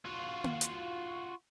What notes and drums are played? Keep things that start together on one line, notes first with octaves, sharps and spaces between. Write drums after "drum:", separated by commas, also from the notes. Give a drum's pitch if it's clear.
F4 F#4
drum: tom A#3
drum: hi-hat